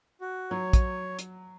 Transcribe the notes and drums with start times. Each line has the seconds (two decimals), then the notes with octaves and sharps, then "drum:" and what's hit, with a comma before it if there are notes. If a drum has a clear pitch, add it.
0.21 F#4
0.51 F#3 C#5
0.73 drum: kick, hi-hat
1.19 drum: hi-hat